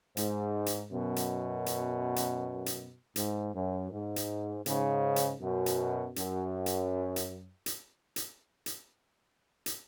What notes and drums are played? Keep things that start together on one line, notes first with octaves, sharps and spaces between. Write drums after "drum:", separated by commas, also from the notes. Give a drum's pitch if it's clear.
G#2, drum: hi-hat
drum: hi-hat
F#2 B2
drum: hi-hat
drum: hi-hat
drum: hi-hat
drum: hi-hat
G#2, drum: hi-hat
F#2
G#2
drum: hi-hat
G#2 C#3, drum: hi-hat
drum: hi-hat
F#2 B2
drum: hi-hat
F#2, drum: hi-hat
drum: hi-hat
drum: hi-hat
drum: hi-hat
drum: hi-hat
drum: hi-hat
drum: hi-hat